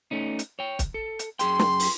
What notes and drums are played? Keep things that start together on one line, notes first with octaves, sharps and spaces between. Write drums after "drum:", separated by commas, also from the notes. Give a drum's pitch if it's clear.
A3 C#4 D#4
drum: hi-hat
C#5 G5
drum: kick, hi-hat
A4
drum: hi-hat
F#2 G#4 G5 C6, drum: hi-hat
drum: snare
drum: open hi-hat